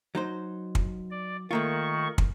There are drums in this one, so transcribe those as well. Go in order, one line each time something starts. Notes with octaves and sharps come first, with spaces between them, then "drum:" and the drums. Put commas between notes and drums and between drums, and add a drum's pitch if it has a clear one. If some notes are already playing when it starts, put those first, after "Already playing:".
F#3 D#4 C5
drum: kick
D5
D#3 A3 A#3 F4 C#6
drum: kick